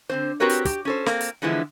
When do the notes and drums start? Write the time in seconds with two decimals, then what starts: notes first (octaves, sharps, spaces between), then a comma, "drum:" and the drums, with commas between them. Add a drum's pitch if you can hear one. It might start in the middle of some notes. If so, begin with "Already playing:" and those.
0.09 D3 C4 C5
0.40 C4 F#4 G4 A#4 B4 C#5
0.50 drum: hi-hat
0.65 G4, drum: kick, hi-hat
0.85 C#4 A4 C5
1.06 A#3 C4, drum: snare
1.21 drum: hi-hat
1.42 D3 E3 F3 G#3 B3 E4